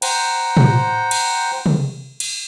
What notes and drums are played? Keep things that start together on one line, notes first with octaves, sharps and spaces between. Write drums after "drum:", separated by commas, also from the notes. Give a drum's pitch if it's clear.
C5 F#5 G5 A#5, drum: cymbal
drum: tom
drum: cymbal
drum: tom
drum: cymbal